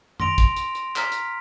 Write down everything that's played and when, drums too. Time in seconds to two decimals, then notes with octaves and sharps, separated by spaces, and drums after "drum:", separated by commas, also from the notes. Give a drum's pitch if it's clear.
0.20 C6 A#6 D7 F7, drum: tom F#2
0.38 drum: kick, hi-hat
0.56 drum: hi-hat
0.75 drum: hi-hat
0.96 A#5 F6 B6, drum: clap
1.12 drum: hi-hat